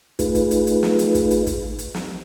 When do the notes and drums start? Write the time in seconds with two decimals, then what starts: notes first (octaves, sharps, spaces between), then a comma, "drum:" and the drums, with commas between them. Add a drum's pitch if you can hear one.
0.19 A3 D#4 F4 G#4 B4, drum: kick, hi-hat
0.35 drum: kick, hi-hat
0.51 drum: hi-hat
0.67 drum: hi-hat
0.83 drum: snare
0.99 drum: hi-hat
1.15 drum: kick, hi-hat
1.31 drum: hi-hat
1.47 drum: kick, hi-hat
1.79 drum: hi-hat
1.94 drum: snare